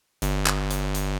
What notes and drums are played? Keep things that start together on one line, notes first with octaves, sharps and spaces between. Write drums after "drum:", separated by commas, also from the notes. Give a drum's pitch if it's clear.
G1, drum: hi-hat
drum: clap
drum: hi-hat
drum: hi-hat